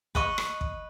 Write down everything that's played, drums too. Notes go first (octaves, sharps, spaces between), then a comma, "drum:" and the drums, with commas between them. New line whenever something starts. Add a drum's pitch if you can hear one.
B4 D#5 C#6, drum: kick
drum: rim click
drum: kick